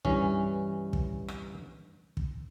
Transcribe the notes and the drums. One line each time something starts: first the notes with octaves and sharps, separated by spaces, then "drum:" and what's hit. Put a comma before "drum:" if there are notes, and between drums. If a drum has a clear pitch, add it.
G2 E3 C#4, drum: kick
drum: kick
drum: rim click
drum: kick